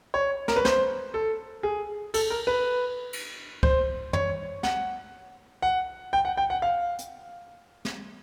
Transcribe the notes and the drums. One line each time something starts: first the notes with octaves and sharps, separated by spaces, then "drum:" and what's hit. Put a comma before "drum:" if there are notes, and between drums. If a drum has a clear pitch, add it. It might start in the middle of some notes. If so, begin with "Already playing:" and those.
C#5
A#4, drum: snare
B4
C5, drum: snare
A4
G#4
A4, drum: cymbal
A#4
B4
drum: cymbal
C5, drum: kick
C#5, drum: tom F#2
F#5, drum: snare
F#5
G5
F#5
G5
F#5
F5
drum: hi-hat
drum: snare